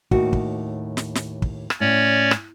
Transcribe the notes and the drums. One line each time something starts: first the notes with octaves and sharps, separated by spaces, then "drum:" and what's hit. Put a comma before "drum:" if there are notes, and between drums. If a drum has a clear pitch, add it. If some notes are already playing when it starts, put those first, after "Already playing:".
D#2 A2 F#4, drum: kick
drum: kick
drum: snare
drum: snare
drum: kick
drum: rim click
A2 C#4 C#5 D5
drum: rim click